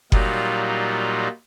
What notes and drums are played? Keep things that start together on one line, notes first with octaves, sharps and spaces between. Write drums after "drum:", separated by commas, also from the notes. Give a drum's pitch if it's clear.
A#2 F#3 G3 D#4 F4, drum: kick F#1